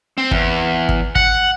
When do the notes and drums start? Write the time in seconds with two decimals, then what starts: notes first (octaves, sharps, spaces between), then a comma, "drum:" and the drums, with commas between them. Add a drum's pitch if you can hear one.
0.18 C4
0.31 E2, drum: kick
0.89 drum: kick
1.15 F#5, drum: kick